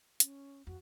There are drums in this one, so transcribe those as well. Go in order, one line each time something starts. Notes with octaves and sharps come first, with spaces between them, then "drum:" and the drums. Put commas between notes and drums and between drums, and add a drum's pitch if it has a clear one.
C#4, drum: hi-hat
F2 F#4